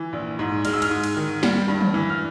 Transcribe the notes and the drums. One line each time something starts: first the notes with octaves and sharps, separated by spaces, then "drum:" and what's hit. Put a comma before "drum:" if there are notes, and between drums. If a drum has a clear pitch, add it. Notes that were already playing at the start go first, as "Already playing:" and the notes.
Already playing: E3
A#1
G#2
G#3 F6, drum: cymbal
E6
F6, drum: cymbal
G#2
drum: cymbal
D#3
G3, drum: snare
G2
drum: tom
E3
F6